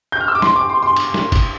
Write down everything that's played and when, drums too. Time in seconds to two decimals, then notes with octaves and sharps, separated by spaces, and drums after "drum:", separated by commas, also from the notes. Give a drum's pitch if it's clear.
0.12 G6
0.21 F6
0.28 E6
0.35 D6
0.42 C6, drum: snare
0.56 D6
0.69 C6
0.82 C6
0.96 drum: cymbal
1.14 drum: snare
1.32 drum: kick, cymbal